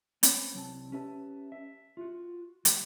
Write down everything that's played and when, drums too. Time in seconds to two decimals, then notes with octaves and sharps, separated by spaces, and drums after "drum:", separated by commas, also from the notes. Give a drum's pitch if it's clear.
0.23 B3 C4 C#5 G5 G#5 B5, drum: hi-hat
0.53 C2 F#3 C4 A5
0.92 C#4 G4 B4 E5 A5
1.52 E5
1.97 F4 F#4
2.65 D#2 F#3 F#4 B4 E5 G5, drum: hi-hat